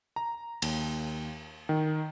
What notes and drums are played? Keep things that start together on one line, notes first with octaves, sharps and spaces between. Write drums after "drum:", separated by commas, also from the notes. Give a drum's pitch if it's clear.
A#5
D#2, drum: cymbal
D#3